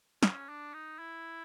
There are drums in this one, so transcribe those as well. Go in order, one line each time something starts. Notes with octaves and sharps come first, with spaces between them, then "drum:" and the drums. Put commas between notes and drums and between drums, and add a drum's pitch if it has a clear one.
C#4, drum: snare
D4
D#4
E4